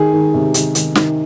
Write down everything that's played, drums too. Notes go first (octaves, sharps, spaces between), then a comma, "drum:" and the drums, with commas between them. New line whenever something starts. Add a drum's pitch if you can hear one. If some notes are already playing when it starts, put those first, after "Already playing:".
Already playing: D#3 G#4
D#3
C3
D#3, drum: hi-hat
D#3, drum: hi-hat
D#3, drum: snare